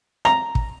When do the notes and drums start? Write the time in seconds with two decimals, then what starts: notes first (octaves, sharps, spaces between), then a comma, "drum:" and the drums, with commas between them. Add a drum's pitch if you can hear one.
0.25 A#5, drum: rim click
0.55 drum: kick